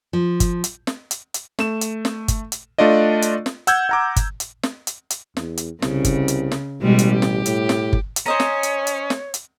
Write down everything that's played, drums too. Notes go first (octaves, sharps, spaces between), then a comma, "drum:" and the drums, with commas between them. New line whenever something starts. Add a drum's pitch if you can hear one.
F3
drum: kick G1, hi-hat
drum: hi-hat
drum: snare
drum: hi-hat
drum: hi-hat
A3 E7, drum: snare
drum: hi-hat
drum: snare
drum: kick G1, hi-hat
drum: hi-hat
A3 D4 F4 D5 D#5
drum: hi-hat
drum: snare
F#5 E6 G6 G#6, drum: hi-hat
F#5 A#5 D6
drum: kick G1, hi-hat
drum: hi-hat
drum: snare
drum: hi-hat
drum: hi-hat
E2, drum: snare
drum: hi-hat
C2 C#3, drum: snare
drum: kick G1, hi-hat
drum: hi-hat
drum: snare
A1 B2 G3 G#3
drum: hi-hat
G4
drum: snare
A2, drum: hi-hat
drum: snare
drum: kick G1
drum: hi-hat
C#4 C5 C#5 D#5 A#5
drum: snare
drum: hi-hat
drum: hi-hat
drum: snare
drum: hi-hat